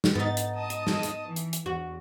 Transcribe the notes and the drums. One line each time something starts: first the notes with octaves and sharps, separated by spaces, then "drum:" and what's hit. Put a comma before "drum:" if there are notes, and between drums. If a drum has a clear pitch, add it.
drum: snare
G#2 B3 D#4 A6
drum: hi-hat
D#5 A5 D#6
drum: hi-hat
drum: snare
drum: hi-hat
E3
drum: hi-hat
drum: hi-hat
E2 F#4